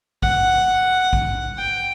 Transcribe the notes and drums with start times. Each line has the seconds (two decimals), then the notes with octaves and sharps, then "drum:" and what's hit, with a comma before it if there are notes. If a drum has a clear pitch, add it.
0.22 F#5, drum: kick
1.13 drum: kick
1.58 G5